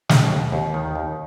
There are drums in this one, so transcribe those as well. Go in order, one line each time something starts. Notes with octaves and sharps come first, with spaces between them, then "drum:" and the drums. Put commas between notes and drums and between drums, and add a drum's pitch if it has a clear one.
D#2, drum: snare
D#2
D#2
D#3
D#2